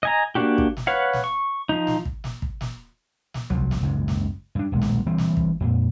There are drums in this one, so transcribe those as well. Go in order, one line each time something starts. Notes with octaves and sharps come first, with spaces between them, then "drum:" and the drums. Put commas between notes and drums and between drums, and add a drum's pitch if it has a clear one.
D#5 G#5 A#5
A#3 D4 F#4 G4
drum: kick
drum: snare
B4 C#5 F5 F#5
drum: snare
C#6
F3 D#4
drum: snare
drum: kick
drum: snare
drum: kick
drum: snare
drum: snare
C2 F3 F#3, drum: kick
drum: snare
F#1 C#2 G#2
drum: snare
G2 D4
D#1 B1 G#3
drum: snare
E3 G3 A3 C4
drum: snare
drum: kick
F2 A#2